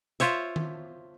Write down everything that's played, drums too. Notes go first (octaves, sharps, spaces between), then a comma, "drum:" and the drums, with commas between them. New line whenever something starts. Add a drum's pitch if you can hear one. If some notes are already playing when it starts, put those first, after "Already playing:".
F4 C5 C#5 E5, drum: hi-hat
drum: tom D#3